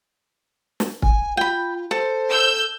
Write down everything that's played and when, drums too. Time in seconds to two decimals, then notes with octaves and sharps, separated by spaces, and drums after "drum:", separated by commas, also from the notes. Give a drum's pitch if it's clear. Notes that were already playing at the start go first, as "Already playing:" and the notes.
0.80 drum: snare
1.02 G#5, drum: kick
1.37 F4 G5 B5
1.91 A4 C5
2.30 E6 G6